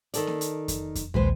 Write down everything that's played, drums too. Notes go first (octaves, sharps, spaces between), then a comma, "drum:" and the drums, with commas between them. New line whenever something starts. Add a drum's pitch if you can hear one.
D#3 A4 D5, drum: hi-hat
drum: snare A#3
drum: hi-hat
drum: kick F2, hi-hat
drum: kick F2, hi-hat
A#1 D#2 G#3 B4 C5